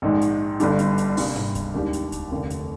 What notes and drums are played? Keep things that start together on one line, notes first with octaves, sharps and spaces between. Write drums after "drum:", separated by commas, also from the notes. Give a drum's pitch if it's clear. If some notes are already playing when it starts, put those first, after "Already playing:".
A#1 G#2 D#3 G#3
drum: hi-hat
G1 G2 D3 G3 D4, drum: hi-hat
drum: hi-hat
drum: hi-hat
C3 G3 A#3 D4 G#4, drum: open hi-hat
drum: tom G#2
drum: kick C#2, hi-hat
D#2 D#3 G#3 D4 G4
drum: hi-hat
drum: kick C#2, hi-hat
F1 D#2 D3
drum: hi-hat